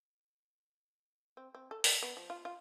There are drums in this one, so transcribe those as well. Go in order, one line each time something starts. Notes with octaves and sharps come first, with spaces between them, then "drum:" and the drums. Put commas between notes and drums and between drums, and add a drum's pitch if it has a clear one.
C4
C4
A4
A#4, drum: open hi-hat
B3
F3
F4
F4